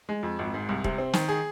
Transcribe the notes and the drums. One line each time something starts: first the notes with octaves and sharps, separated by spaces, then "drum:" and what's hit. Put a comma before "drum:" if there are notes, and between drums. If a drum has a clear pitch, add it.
G#3
F2
G#1
G#2
C2
C3, drum: kick
C4
D#3, drum: snare
G#4